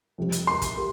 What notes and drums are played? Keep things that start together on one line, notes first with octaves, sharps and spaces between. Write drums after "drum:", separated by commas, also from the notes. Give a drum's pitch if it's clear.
F1 F2 C3 G3 C4
drum: hi-hat
C6
drum: kick, hi-hat
G4 A#4